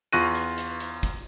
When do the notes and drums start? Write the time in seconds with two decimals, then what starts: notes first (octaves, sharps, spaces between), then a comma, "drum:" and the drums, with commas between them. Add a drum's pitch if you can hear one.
0.13 E2 F4 C#6 F#6 A#6 D#7, drum: hi-hat
0.35 drum: hi-hat
0.58 drum: hi-hat
0.80 drum: hi-hat
1.03 drum: kick, hi-hat